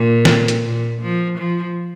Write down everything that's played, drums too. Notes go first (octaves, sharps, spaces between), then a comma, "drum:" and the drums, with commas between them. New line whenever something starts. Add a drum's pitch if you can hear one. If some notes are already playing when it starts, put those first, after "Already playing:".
Already playing: A#2
drum: snare
drum: hi-hat
A#2
F3
F3